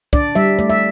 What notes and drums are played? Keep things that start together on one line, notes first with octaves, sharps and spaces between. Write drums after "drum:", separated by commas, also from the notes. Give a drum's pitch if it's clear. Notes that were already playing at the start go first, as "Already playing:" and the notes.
D4 D5, drum: kick
G3 E5
A3 D5
E5